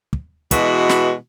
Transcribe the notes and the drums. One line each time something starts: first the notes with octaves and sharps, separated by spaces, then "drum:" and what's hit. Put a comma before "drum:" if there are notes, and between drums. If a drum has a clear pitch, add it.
drum: kick
B2 E3 G#3 F#4, drum: kick, hi-hat
drum: snare